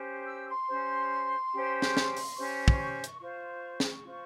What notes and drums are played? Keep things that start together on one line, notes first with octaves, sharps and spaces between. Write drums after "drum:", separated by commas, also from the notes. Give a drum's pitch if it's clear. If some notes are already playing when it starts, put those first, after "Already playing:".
Already playing: C#4 G4 C5
E6
C6
C#4 G4 C5
C#4 G4 C5
drum: snare
drum: snare
drum: open hi-hat
C#4 G4 C5 C#6
drum: kick
C#6
drum: hi-hat
F4 C5 C#6
drum: snare
F4 C5